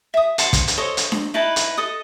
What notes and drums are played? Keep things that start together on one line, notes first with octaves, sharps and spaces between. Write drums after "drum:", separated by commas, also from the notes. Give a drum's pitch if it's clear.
E5 D#6
F#5 A5 C6, drum: hi-hat
drum: kick, hi-hat
drum: hi-hat
A4 C5 C#5 D#5
drum: hi-hat
drum: snare D4
D#4 E4 B4 A5
drum: hi-hat
A4 D#5 D#6